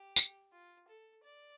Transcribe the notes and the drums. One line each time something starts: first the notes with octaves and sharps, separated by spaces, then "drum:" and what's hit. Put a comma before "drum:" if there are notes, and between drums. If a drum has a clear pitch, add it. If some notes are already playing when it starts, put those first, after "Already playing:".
Already playing: G4
drum: tambourine
F4
A4
D5